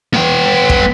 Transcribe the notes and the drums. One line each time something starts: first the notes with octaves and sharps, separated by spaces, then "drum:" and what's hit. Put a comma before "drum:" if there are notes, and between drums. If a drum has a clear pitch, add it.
B3 G5
drum: kick